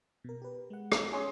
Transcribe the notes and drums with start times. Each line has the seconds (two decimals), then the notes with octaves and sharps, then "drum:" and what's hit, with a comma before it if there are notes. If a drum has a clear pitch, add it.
0.24 B2 A#4
0.42 G4 B4
0.70 G#3 F#5
0.92 drum: rim click
1.12 C#4 G#4 C6